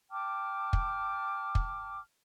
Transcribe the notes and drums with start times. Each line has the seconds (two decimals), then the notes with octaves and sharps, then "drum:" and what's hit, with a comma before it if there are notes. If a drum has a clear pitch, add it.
0.11 G5 A5 D6 F6
0.73 drum: kick
1.55 drum: kick